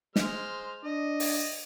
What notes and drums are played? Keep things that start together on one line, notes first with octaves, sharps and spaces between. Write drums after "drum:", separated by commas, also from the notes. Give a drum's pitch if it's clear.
G#3 C5 F6, drum: snare
D4 D#5
drum: open hi-hat